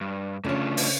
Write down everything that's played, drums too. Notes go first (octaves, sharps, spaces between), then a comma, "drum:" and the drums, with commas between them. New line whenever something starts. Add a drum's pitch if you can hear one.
G2
C#3 A3 D4 F4 C#5
drum: open hi-hat